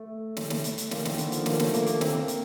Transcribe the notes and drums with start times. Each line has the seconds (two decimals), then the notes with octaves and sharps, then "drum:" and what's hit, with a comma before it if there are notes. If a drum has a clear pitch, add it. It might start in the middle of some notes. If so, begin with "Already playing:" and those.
Already playing: A3
0.37 drum: snare
0.50 drum: snare
0.64 drum: hi-hat
0.78 drum: hi-hat
0.91 A#3, drum: snare
1.05 D#3, drum: snare
1.18 D3, drum: hi-hat
1.32 F3, drum: hi-hat
1.46 A#3, drum: snare
1.60 A3, drum: snare
1.74 A#3, drum: hi-hat
1.87 A#3, drum: hi-hat
2.01 C4, drum: snare
2.19 A#3
2.28 drum: hi-hat